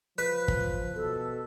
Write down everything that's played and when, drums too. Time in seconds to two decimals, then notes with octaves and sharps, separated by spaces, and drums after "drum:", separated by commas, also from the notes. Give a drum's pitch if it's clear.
0.18 F3 B4
0.48 drum: kick
0.95 B2 A4